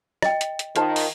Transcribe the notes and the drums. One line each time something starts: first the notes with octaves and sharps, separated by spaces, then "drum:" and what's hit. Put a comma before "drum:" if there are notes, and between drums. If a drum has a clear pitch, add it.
D#5 G5, drum: rim click
drum: hi-hat
drum: hi-hat
D#3 F4 C5 A5, drum: hi-hat
drum: open hi-hat